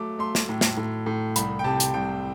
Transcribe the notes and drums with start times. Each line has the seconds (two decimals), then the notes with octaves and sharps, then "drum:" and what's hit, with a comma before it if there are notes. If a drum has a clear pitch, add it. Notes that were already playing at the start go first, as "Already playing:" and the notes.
Already playing: F#3 A3 D6
0.19 A3 C6
0.35 drum: snare
0.49 A2
0.61 drum: snare
0.77 A2
1.06 A2
1.36 C2 B5, drum: hi-hat
1.59 G5
1.64 C3 A5
1.80 drum: hi-hat
1.94 C2 G5